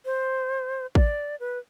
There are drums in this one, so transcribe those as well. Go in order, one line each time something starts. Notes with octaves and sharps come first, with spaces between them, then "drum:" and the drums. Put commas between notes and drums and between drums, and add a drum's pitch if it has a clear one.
C5
D5, drum: kick
B4